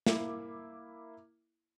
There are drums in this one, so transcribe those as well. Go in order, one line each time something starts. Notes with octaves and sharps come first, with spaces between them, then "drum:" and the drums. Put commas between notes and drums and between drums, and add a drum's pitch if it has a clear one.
A#3 E4 D6, drum: snare